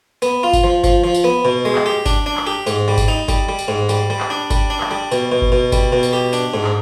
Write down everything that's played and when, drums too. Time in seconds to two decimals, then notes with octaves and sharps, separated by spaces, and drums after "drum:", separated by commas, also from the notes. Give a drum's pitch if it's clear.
0.22 B3, drum: tambourine
0.43 F4
0.53 drum: kick G1, tambourine
0.64 F3
0.84 F3, drum: kick G1, tambourine
1.04 F3
1.14 drum: tambourine
1.24 B3
1.45 B2
1.65 G#3
1.75 drum: clap
1.86 G4
2.06 D4, drum: kick G1, tambourine
2.26 D4
2.36 drum: clap
2.47 G4
2.67 G#2, drum: tambourine
2.88 G3
2.98 drum: kick G1, tambourine
3.08 D#4
3.28 G3, drum: kick G1, tambourine
3.49 G3
3.59 drum: tambourine
3.68 G#2
3.89 G3, drum: tambourine
4.10 G3
4.20 drum: clap
4.30 D4
4.50 G3, drum: kick G1, tambourine
4.70 D4
4.81 drum: clap
4.91 G3
5.12 B2, drum: tambourine
5.32 B2
5.42 drum: kick G1
5.52 B2
5.72 G3, drum: kick G1, tambourine
5.92 B2
6.03 drum: tambourine
6.13 G4
6.33 D4, drum: tambourine
6.54 G#2
6.64 drum: clap